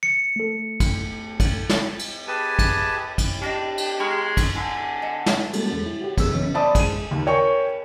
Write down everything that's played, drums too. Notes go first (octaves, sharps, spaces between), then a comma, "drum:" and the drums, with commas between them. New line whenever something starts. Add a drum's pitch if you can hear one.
C#7
A3 A4
drum: kick, cymbal
drum: kick, cymbal
drum: snare
drum: cymbal
G4 G#4 B4 G#5 A5
drum: kick, cymbal
drum: kick, cymbal
D4 G4 D#5 A#6 C7
drum: cymbal
G#3 A#5 C#6 F6
drum: kick, cymbal
D3 G#5
D#5 F#5 A5
drum: snare
G3 G#3 A#3 C#4 F#4 A4, drum: cymbal
E2 G#3
E4
F#4 G4
E2 F#3 B3 G#4 E6, drum: kick, cymbal
C#3 E3 F#3 B3 C#4
C5 D5 A5 B5 D#6
G#3 D#7, drum: kick, cymbal
D#2
A#4 C#5 G5 G#5 C#6